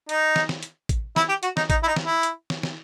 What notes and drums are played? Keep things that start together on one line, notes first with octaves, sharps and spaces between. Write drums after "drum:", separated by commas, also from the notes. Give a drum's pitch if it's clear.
D#4, drum: hi-hat
drum: snare
drum: snare
drum: hi-hat
drum: kick A1, hi-hat
E4, drum: snare
G4
F#4, drum: hi-hat
D#4, drum: snare
D#4, drum: kick A1, hi-hat
E4
D#4
drum: snare
E4
drum: hi-hat
drum: snare
drum: snare